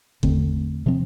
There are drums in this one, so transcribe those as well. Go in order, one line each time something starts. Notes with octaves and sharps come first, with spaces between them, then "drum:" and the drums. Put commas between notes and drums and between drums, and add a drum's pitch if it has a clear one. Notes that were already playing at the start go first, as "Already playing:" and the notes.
E2 D3 A3 C4, drum: kick G1
C3 F3 C4